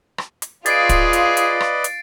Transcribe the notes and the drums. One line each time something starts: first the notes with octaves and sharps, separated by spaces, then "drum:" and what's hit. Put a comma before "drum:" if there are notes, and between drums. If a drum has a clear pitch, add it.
drum: rim click
drum: hi-hat
F4 G#4 B4 D5 D#5 A6 C7 D7, drum: hi-hat
drum: kick, hi-hat
drum: hi-hat
drum: hi-hat
drum: rim click
drum: hi-hat